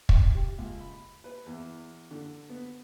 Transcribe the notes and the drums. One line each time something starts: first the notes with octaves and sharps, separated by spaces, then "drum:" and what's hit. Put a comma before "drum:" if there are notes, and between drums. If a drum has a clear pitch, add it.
G5, drum: kick
G4
C#2
B5
B4
E2
D3
B3